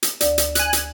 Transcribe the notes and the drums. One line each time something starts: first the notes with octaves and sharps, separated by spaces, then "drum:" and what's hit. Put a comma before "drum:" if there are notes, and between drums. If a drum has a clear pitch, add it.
drum: hi-hat
D2 D5, drum: hi-hat
drum: hi-hat
G#5 F#6, drum: hi-hat
drum: hi-hat